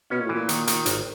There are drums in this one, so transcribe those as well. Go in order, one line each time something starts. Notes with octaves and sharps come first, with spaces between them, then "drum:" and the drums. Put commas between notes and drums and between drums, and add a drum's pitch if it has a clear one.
B2 C#4
A#2
A2 E3
A#2
D#3, drum: hi-hat
D#3, drum: hi-hat
G#1, drum: hi-hat